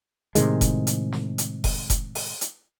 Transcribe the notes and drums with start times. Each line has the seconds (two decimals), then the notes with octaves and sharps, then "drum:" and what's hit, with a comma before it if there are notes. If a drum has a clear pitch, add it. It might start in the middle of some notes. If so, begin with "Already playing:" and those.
0.35 A2 C3 D#3 G#3, drum: hi-hat
0.61 drum: kick F1, hi-hat
0.87 drum: hi-hat
1.12 drum: snare
1.38 drum: hi-hat
1.64 drum: kick F1, open hi-hat
1.90 drum: kick F1, hi-hat
2.15 drum: open hi-hat
2.41 drum: hi-hat